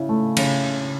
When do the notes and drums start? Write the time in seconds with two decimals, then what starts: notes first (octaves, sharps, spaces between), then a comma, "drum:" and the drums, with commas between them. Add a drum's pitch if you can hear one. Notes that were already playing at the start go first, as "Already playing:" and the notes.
Already playing: C#3 E4
0.09 A3
0.37 C#3, drum: cymbal